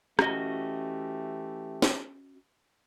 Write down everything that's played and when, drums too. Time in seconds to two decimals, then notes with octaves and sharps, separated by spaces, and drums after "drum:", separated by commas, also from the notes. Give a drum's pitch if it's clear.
0.19 E3 A3 C#4 F#4 G4 D#5, drum: rim click
1.82 drum: snare